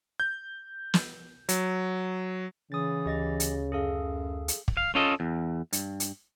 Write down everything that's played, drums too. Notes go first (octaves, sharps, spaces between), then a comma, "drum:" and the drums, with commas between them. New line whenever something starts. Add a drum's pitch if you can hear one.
G6
drum: snare
F#3, drum: hi-hat
C#3 E3 D#6 A6
D2 G4 D#5 A6
drum: hi-hat
F#2 G#4 A4 F5
drum: hi-hat
drum: kick
F5
C#4 F4 A4 D#5
E2
G2, drum: hi-hat
drum: hi-hat